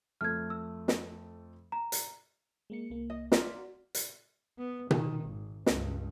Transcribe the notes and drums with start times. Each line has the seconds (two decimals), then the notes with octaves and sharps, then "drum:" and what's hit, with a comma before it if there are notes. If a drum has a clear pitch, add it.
0.21 F2 A3 A4 F6 G#6
0.50 E6
0.88 drum: snare
1.72 A#5
1.92 drum: hi-hat
2.70 G#3 A#3 C#7
2.90 C2 A#3
3.10 D#5
3.32 F4 D5 A#5 B6, drum: snare
3.58 F#4
3.95 drum: hi-hat
4.58 B3
4.91 D#3, drum: tom B2
5.24 G#1
5.66 C#2 G2, drum: snare